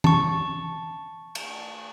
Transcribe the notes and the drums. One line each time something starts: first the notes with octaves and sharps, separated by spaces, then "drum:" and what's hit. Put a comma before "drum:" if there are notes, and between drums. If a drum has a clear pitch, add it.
A5 C#6, drum: tom E3
drum: cymbal